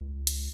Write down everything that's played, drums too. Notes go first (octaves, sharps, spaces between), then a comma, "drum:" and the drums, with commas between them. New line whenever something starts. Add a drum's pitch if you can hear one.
C#2
drum: hi-hat